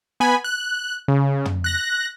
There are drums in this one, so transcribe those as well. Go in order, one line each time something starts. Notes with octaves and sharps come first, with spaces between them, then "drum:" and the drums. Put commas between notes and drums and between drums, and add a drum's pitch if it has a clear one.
B3 G#5 B5
F#6
C#3
drum: tom
F#6 A#6